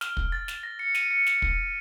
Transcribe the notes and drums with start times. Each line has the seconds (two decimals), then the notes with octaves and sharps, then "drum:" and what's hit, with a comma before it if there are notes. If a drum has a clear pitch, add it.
0.01 F6, drum: snare
0.17 drum: kick
0.32 A6
0.48 drum: snare
0.63 A#6
0.79 C#7
0.95 D#7, drum: snare
1.11 C#7
1.26 drum: snare
1.42 drum: kick